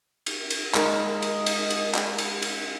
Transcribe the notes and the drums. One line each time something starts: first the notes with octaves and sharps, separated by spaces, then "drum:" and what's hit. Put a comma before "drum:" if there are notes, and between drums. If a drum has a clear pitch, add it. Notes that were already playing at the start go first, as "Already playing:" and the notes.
drum: cymbal
drum: cymbal
G#3 D#4 A#4 D#5, drum: clap
drum: cymbal
drum: cymbal
drum: cymbal
drum: clap
drum: cymbal
drum: cymbal